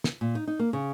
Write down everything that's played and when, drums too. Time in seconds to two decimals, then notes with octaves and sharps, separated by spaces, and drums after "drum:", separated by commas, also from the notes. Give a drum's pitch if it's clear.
0.04 drum: snare
0.21 A#2
0.35 D#4
0.47 D#4
0.59 A#3
0.73 C#3